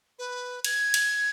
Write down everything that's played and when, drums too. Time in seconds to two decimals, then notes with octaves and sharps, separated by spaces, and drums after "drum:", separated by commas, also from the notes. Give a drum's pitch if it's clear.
0.19 B4
0.65 G#6, drum: cymbal
0.94 drum: cymbal